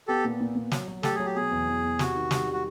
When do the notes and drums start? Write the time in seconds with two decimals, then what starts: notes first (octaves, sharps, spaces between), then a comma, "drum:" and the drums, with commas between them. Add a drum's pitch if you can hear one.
0.08 B3 G4 A4
0.25 A#2
0.41 A#2
0.56 A#2
0.71 F#3, drum: snare
0.88 F#3
1.03 A3 G4 A4, drum: snare
1.15 F#3 G#4
1.26 G4
1.35 B2 G#4
1.51 E2
1.68 E2
1.83 B2
1.99 C3 F#4, drum: snare
2.15 D#3
2.31 G3, drum: snare
2.47 G3
2.53 F#4